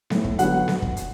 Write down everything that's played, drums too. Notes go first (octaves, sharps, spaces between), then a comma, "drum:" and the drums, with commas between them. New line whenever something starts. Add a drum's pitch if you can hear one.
A2 A3, drum: snare B3
drum: kick
D3 F#3 B3 F#5, drum: hi-hat
drum: snare B3
drum: kick
drum: hi-hat